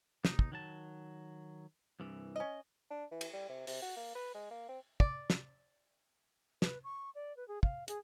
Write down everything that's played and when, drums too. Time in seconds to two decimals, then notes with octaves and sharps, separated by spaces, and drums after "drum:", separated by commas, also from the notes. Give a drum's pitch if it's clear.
0.25 D#2 D#4, drum: snare
0.39 drum: kick
0.52 D#3 F#3 A5
2.00 C2 G2 E3
2.36 C#4 D#5
2.91 D4
3.12 E3
3.21 drum: cymbal
3.33 G3
3.49 C3
3.67 C3, drum: open hi-hat
3.82 F#4
3.97 A#3
4.15 B4
4.35 G#3
4.51 A#3
4.69 C4
5.00 D5, drum: kick
5.30 drum: snare
6.62 B4, drum: snare
6.84 C#6
7.15 D5
7.37 B4
7.48 G#4
7.63 F5, drum: kick
7.88 G#4, drum: hi-hat